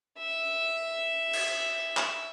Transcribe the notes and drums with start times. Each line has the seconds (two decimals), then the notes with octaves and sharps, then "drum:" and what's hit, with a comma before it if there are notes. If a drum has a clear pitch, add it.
0.18 E5
1.33 drum: cymbal
1.97 drum: clap